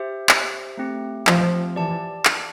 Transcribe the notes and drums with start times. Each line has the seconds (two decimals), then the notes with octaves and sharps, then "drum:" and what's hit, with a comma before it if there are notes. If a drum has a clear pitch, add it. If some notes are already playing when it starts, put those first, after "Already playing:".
Already playing: G4 C5 E5
0.29 drum: clap
0.77 A3 C4 G4
1.27 F3, drum: clap
1.76 E3 G4 D5 A5
2.25 drum: clap